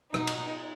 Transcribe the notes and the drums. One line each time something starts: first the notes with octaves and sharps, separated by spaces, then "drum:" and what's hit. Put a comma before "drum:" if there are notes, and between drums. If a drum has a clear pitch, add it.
B2 D#4, drum: rim click
drum: cymbal